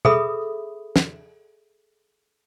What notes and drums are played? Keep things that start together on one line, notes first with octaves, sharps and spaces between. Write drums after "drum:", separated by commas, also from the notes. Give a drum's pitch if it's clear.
G#4 A4 B4 E5 B5 D#6, drum: tom B2
drum: snare